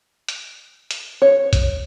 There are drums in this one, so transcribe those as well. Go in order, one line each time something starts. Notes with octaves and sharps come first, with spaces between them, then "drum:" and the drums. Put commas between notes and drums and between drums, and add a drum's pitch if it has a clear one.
drum: hi-hat
drum: hi-hat
C#5
drum: kick, hi-hat